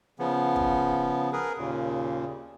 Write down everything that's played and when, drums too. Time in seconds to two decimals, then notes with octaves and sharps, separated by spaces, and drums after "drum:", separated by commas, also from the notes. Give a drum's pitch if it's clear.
0.19 C#3 F3 B3
0.56 drum: kick
1.33 G#4 A#4 B4
1.58 D#2 A#2 C#3